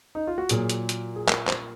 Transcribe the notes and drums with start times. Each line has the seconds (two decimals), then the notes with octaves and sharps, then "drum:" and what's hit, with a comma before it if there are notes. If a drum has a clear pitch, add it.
0.15 D#4
0.27 F4
0.38 F#4
0.49 A#2 F#3 A#3 G#4, drum: hi-hat
0.70 drum: hi-hat
0.89 drum: hi-hat
1.16 G#4
1.29 A#4, drum: clap
1.48 C5, drum: clap